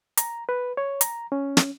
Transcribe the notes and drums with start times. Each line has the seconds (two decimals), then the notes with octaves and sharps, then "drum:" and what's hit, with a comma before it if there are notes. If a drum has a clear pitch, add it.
0.17 A#5, drum: hi-hat
0.49 B4
0.77 C#5
1.01 A#5, drum: hi-hat
1.32 C#4
1.57 drum: snare